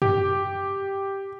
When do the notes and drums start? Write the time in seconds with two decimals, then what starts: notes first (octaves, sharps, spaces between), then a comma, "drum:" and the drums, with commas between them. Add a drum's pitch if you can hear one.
0.02 G4, drum: tom F#2